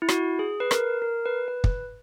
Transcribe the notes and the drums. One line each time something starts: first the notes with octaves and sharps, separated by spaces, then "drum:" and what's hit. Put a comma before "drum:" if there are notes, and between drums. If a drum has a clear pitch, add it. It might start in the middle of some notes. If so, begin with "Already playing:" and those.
E4
F#4, drum: rim click
G#4
B4
A#4, drum: rim click
A#4
B4
B4
drum: kick